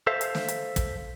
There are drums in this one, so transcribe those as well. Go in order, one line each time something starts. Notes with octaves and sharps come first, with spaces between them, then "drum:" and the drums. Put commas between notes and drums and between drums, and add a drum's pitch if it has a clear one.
A4 C5 E5 F5
drum: hi-hat
drum: snare
drum: hi-hat
drum: kick, hi-hat